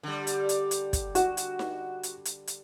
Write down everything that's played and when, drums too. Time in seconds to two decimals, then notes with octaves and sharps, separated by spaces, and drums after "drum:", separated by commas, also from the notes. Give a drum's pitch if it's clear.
0.03 D3 G3
0.27 drum: hi-hat
0.49 drum: hi-hat
0.71 drum: hi-hat
0.93 drum: kick, hi-hat
1.15 F#4, drum: hi-hat
1.37 drum: hi-hat
1.59 drum: snare D#4
2.03 drum: hi-hat
2.25 drum: hi-hat
2.47 drum: hi-hat